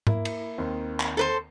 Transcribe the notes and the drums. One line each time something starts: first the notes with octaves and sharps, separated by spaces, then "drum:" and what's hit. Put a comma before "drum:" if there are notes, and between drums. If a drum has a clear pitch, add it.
A#3 E4, drum: tom G#2
drum: cymbal
D#2 D#3 C4
drum: clap
A4 B4 C5